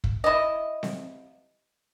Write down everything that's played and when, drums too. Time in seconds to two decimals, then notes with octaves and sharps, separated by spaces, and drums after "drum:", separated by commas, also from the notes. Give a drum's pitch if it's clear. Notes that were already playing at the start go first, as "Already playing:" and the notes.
0.04 drum: kick
0.24 E4 D#5
0.83 drum: snare C4